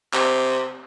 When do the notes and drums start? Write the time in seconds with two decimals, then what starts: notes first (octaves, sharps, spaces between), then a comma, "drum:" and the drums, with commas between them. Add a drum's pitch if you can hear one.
0.14 C3, drum: clap